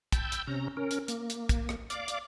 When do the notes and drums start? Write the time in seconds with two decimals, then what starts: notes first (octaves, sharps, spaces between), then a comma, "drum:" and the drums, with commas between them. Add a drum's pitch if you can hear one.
0.12 G5 A5 B5 E6 G6, drum: kick, hi-hat
0.32 drum: hi-hat
0.47 C3 C#4 A#5
0.77 C#4 A#4
0.91 drum: hi-hat
1.08 A#3, drum: hi-hat
1.30 drum: hi-hat
1.49 drum: kick, hi-hat
1.69 drum: rim click
1.90 D5 F5 D6, drum: hi-hat
2.08 drum: hi-hat